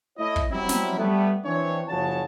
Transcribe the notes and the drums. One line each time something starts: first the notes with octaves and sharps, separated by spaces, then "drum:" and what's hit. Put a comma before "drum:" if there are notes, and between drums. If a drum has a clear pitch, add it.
A3 E4 C#5 D#5
drum: kick
F#3 G3 C4 E4
drum: snare
G3 A3 B3
E3 C4 D4 C#5
F#1 C#3 F3 F#4 C#5 A5